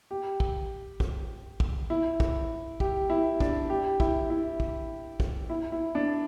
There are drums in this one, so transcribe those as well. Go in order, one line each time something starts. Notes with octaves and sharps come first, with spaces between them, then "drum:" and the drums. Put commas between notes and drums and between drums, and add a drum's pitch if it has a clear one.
G4
drum: kick
drum: kick
drum: kick
E4
drum: kick
G4, drum: kick
E4
D4, drum: kick
G4
E4, drum: kick
E4
drum: kick
drum: kick
E4
E4
D4